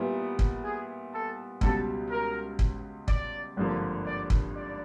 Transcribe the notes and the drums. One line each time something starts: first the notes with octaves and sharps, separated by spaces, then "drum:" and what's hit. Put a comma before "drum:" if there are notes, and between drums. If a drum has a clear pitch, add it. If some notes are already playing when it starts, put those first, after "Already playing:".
Already playing: A#2 G3 B3 E4
drum: kick
G#4
A4
C#2 B2 G3 A4, drum: kick
A#4
drum: kick
D5, drum: kick
G#1 G2 D3 F3 A#3
D5
drum: kick
D5